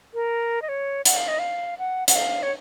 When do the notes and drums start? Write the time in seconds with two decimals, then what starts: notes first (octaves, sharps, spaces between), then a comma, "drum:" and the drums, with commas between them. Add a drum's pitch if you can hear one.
0.14 A#4
0.62 D#5
0.69 C#5
1.05 F#5, drum: hi-hat
1.17 F5
1.28 D#5
1.39 F5
1.79 F#5
2.08 F#5, drum: hi-hat
2.15 F5
2.43 C#5